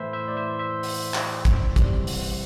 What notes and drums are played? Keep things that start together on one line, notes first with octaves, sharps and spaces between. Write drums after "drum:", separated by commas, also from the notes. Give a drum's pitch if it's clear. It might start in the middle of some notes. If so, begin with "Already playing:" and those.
Already playing: A2 E3 A3 E4 C5 E5
C5 E5
D5
C5 E5
C5 E5
drum: open hi-hat
drum: clap
drum: kick, hi-hat
C3 E3 G3, drum: kick, hi-hat
drum: open hi-hat